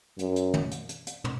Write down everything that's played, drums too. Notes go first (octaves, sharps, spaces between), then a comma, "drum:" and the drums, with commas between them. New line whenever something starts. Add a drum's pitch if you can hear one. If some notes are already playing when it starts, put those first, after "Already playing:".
F#2, drum: hi-hat
drum: hi-hat
drum: tom
drum: hi-hat
drum: hi-hat
drum: hi-hat
drum: tom